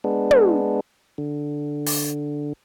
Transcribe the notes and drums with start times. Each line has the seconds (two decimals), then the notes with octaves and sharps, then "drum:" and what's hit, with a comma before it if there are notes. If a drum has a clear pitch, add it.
0.04 G#3 B3 D4
0.31 drum: tom
1.18 D3
1.86 drum: open hi-hat